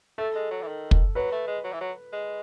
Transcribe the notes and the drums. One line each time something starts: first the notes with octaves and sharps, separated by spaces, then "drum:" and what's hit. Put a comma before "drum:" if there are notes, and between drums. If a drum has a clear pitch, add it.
A3 A4
G#3
F#3
E3
D#3
drum: kick
F#3 B4
A3
G#3
F#3
E3
F#3
G#3